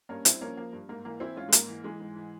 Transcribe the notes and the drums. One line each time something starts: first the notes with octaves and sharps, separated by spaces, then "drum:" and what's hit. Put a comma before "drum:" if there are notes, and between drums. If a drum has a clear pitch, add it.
G2 A#3 C#4
G2 C4 E4, drum: hi-hat
F3 A#3 C#4
F3 A#3
G2
G#2 A#3
E3 A#3
E3 C4 E4
G#2 C#4 F4
G#3
G#2 A#3, drum: hi-hat
E3
E3 G#3
G#2
E3